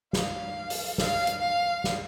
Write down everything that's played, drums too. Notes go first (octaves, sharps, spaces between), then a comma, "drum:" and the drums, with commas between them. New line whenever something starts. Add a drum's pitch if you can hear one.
F5, drum: snare
drum: open hi-hat
F5, drum: snare
drum: hi-hat
F5
drum: snare